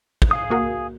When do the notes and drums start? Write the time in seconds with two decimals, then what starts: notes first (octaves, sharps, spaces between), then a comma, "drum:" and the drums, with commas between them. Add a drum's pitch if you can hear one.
0.22 drum: kick
0.31 G#4 F5 D#6
0.50 A#3 F#4 A#4